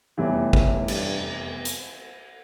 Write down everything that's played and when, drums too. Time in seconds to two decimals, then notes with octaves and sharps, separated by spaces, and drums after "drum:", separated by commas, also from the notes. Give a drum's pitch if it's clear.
0.18 F1 E2 A2 E3 G3
0.53 A2, drum: kick
0.88 G2, drum: cymbal
1.65 drum: hi-hat